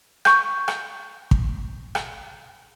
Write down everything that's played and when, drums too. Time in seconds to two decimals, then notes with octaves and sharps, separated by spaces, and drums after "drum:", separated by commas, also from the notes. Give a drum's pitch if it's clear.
0.25 C#6 G6, drum: rim click
0.68 drum: rim click
1.31 drum: kick
1.95 drum: rim click